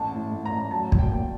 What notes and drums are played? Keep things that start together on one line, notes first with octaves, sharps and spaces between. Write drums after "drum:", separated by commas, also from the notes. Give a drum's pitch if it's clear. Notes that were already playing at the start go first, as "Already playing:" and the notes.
Already playing: A1 A5
A2
A2
A#5
A1
F#3 A5
F#3, drum: kick
G5
D#2